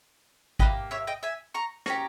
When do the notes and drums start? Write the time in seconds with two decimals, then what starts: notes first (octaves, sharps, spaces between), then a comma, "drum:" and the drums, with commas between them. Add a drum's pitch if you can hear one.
0.59 A#3 D#4 G4 B4 D#5, drum: kick G#1
0.91 C#5 E5
1.07 D#5 G5
1.23 E5 G#5
1.54 A#5 C#6
1.86 C#4 G4 A#5 C#6, drum: rim click